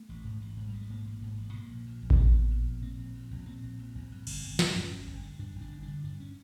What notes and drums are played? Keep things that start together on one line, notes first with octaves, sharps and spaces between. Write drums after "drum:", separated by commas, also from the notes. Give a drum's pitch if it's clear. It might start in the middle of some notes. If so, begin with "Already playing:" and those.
Already playing: A3
A1
G#2
A1
G#2
G3
A1 G#3
A3
G#2 A#3
A1
G#2
A1
A#2 A#3
A#1
A#2
A#1
C4, drum: kick A1
A#2 B3
A#1
A#2
A#1
A#2 C4
A#1
A#2
A#1
A#2 C4
A#1
A#2
A#1
G2
G1, drum: cymbal
G1
D3, drum: snare
G2 C#4
G1
G1
D3
G2 D4
G1
D4
G1
D4
D3
G2 D4
C#4